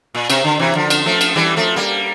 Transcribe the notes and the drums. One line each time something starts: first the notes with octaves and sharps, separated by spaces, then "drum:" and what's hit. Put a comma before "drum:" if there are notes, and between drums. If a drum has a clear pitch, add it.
A#2
C3, drum: cymbal
D3
C3 E3
D3 F3
drum: cymbal
F3 A3
drum: cymbal
E3 G3
F3 A3
G3 A#3